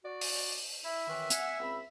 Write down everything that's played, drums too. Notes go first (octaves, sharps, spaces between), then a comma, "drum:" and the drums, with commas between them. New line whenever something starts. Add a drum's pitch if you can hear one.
F#4 D5
drum: open hi-hat
E4 E5
F#2 D#3 E3
F#5 G#5, drum: hi-hat
C#2 C4 B5